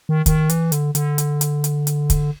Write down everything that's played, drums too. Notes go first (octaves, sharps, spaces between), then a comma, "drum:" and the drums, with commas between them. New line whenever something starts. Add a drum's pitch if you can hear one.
D#3
D#3, drum: kick, hi-hat
E3, drum: hi-hat
D3, drum: hi-hat
D3, drum: hi-hat
drum: hi-hat
drum: hi-hat
drum: hi-hat
drum: hi-hat
drum: kick, hi-hat